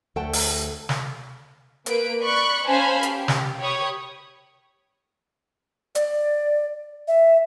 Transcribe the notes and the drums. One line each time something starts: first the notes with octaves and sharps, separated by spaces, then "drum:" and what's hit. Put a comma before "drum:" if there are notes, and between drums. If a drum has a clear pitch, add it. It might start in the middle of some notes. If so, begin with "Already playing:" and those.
D2 A3 A4 F#5 G5 A5
drum: open hi-hat
drum: snare
A#3 B4 D7, drum: hi-hat
D5 B5 C#6 F#6
C#4 C5 F5 G#5 A5 B5
G4, drum: hi-hat
drum: snare
G4 C#5 B5 C#6 D#6
D5, drum: hi-hat
E5